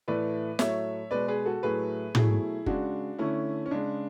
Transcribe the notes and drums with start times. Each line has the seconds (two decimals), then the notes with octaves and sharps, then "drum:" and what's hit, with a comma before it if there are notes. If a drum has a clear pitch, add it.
0.08 A2 E3 A3 B4 D5
0.59 A2 F#3 A3 C#5 E5, drum: snare
1.11 B2 G#3 B4 D5
1.28 G#4 B4
1.46 F#4 A4
1.63 A2 F#3 A3 G#4 B4
2.15 B2 F#3 A3 E4 G#4, drum: tom
2.66 C#3 G#3 D4 F#4, drum: kick
3.19 D3 A3 C#4 E4
3.66 C#4
3.71 C#3 G#3 D4